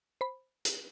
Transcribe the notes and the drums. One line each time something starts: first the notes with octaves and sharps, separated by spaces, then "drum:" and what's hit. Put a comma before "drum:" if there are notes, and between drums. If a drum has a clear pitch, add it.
C5 B5
drum: hi-hat